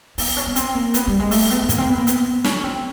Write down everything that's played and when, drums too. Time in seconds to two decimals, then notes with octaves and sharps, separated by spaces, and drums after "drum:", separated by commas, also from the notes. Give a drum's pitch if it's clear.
0.18 B3, drum: open hi-hat
0.37 C#4
0.47 B3
0.56 C4, drum: hi-hat
0.75 A#3
0.94 B3, drum: hi-hat
1.07 G3
1.20 G#3
1.31 A3, drum: open hi-hat
1.50 B3
1.63 B3
1.69 A#3, drum: kick, hi-hat
1.78 C4
1.89 B3
1.98 A#3
2.07 B3, drum: hi-hat
2.44 C#4, drum: snare
2.63 C4